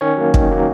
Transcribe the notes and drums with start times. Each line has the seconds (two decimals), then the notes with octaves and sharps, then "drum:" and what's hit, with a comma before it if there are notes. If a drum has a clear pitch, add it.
0.01 D#3 C#4 C#5
0.17 F#3 A#3
0.34 D#3, drum: kick
0.51 F#3 A#3